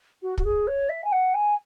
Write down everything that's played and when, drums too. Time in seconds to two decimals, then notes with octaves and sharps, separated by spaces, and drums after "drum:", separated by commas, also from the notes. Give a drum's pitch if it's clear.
0.22 F#4
0.38 F#4, drum: kick
0.44 G#4
0.67 C#5
0.89 E5
1.04 G#5
1.12 F#5
1.34 G#5